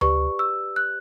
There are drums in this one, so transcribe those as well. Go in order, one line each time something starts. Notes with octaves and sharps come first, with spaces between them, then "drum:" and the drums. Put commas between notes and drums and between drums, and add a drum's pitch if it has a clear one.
G4 B4 D5 C#6, drum: tom D2
E6
F#6